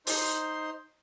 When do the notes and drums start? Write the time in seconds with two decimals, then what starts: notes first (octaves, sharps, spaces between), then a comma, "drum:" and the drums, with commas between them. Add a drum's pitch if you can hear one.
0.07 D#4 C5 C6, drum: open hi-hat